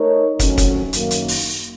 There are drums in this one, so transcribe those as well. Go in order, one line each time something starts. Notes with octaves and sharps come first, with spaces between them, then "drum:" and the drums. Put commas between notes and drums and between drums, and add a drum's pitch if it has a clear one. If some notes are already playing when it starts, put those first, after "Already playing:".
Already playing: A3 D#4 A#4 C#5
F2 D#3 F#3 A3 C#4, drum: kick, hi-hat
drum: kick, hi-hat
F#2 D#3 A#3, drum: hi-hat
drum: hi-hat
drum: open hi-hat